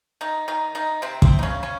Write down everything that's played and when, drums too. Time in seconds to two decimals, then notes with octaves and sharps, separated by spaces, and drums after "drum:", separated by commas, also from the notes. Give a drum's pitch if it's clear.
0.21 D#3 D#4
0.48 D#3 D#4
0.75 D#3 D#4
1.02 C3 C4
1.22 C3 C4, drum: kick
1.39 D#4
1.43 C#3 C#4
1.63 C#3 C#4